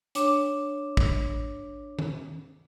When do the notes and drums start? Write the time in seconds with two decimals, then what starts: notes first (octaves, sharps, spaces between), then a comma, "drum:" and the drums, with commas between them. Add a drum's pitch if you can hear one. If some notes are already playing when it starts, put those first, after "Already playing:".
0.15 D4 C#5 D6 E7, drum: hi-hat
0.97 drum: kick
1.99 drum: tom D#3